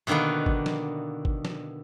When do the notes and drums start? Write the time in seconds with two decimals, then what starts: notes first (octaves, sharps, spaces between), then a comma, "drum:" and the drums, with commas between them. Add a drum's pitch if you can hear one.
0.07 B2 D3 D#3 A#3 B3
0.46 drum: kick G1
0.66 drum: snare
1.25 drum: kick G1
1.45 drum: snare